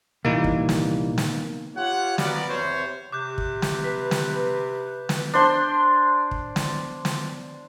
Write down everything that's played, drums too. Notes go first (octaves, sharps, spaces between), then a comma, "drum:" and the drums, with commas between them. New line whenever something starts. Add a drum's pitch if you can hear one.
C2 A#2 E3 A#3 D#4
drum: kick
drum: snare
drum: snare
F4 G4 C#5 F#5
B3 F#4 A#4 D5, drum: snare
E2 C3 C5 C#5
C3 D6 F#6 G6
drum: kick
drum: snare
B4 B6
drum: snare
drum: snare
D4 C5 C6
drum: kick
drum: snare
drum: snare